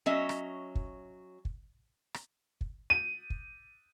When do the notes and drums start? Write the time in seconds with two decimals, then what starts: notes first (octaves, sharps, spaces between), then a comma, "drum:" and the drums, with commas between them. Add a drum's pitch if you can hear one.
0.06 F#3 C#4 D#5 E5
0.29 drum: rim click
0.75 drum: kick
1.45 drum: kick
2.14 drum: rim click
2.61 drum: kick
2.90 D#7
3.30 drum: kick